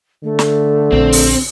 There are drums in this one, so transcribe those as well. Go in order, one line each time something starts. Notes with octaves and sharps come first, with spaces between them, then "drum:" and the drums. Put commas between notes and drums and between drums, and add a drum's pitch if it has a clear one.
D3 A3
drum: snare
A#1 C4
drum: open hi-hat